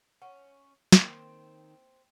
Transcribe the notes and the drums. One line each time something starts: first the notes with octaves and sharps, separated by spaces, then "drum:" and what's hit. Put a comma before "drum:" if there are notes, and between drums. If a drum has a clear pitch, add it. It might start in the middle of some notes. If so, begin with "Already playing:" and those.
C#4 F#5
D#3 A#3 C4, drum: snare